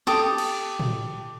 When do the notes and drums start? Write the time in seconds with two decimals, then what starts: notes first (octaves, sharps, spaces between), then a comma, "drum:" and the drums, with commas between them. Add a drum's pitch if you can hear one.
0.07 G4 A4 D6 D#6, drum: snare
0.38 drum: cymbal
0.80 drum: tom